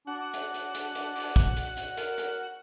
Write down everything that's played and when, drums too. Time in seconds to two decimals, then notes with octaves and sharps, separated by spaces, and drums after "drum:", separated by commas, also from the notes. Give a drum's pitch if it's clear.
0.07 D4 F#4 F#5
0.34 drum: hi-hat
0.54 drum: hi-hat
0.75 drum: hi-hat
0.95 drum: hi-hat
1.15 drum: open hi-hat
1.36 drum: kick, hi-hat
1.56 drum: hi-hat
1.77 drum: hi-hat
1.97 A#4, drum: hi-hat
2.18 drum: hi-hat